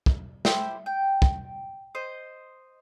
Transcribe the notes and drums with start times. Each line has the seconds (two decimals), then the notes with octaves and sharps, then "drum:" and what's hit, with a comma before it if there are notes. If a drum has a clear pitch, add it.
0.06 drum: kick
0.45 E4 G4 C5, drum: snare
0.86 G5
1.22 drum: kick
1.95 C5 D#5